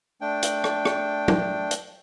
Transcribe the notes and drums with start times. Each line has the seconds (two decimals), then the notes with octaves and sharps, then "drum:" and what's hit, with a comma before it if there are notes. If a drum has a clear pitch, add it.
0.21 A3 D4 G5
0.43 drum: hi-hat
0.64 drum: rim click
0.85 drum: rim click
1.28 drum: tom
1.71 drum: hi-hat